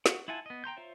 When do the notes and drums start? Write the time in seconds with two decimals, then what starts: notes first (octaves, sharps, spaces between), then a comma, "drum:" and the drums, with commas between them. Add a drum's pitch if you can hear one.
0.06 F#4 F#5, drum: snare
0.28 E4 F4 F#5 G#5 A5
0.46 B3 D#5
0.64 G5 A#5 C6 G6
0.77 F4 C5 C#5 E5